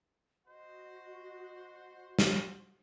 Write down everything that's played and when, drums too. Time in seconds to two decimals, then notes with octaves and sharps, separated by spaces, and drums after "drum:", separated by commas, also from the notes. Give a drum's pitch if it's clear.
0.48 F#4 C5 D#5
2.19 drum: snare